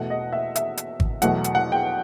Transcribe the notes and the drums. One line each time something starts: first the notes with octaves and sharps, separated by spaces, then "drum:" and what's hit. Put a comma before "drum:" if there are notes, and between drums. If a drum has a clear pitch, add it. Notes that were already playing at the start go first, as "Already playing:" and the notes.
Already playing: E2 B2 A3 F#5
D#5
E5
E5, drum: hi-hat
drum: hi-hat
drum: kick G#1
E2 B2 F#3 A3 F#5, drum: hi-hat
drum: hi-hat
F#5
G5